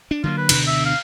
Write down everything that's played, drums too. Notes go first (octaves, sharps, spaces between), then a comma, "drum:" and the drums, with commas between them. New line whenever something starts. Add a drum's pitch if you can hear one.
D4
D3 F#3 A#3 F4
B4
D2 B2 D3, drum: cymbal
E5
F5